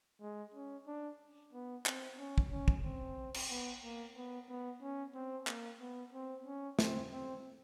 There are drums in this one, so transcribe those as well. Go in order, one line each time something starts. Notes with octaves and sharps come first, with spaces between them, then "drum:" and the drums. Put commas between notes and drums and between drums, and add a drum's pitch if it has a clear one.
G#3
C#4
D4
B3
C4, drum: clap
C#4
drum: kick
C#4
drum: kick
C4
drum: cymbal
B3
A#3
B3
B3
C#4
C4
A#3, drum: clap
B3
C4
C#4
C4, drum: snare
C4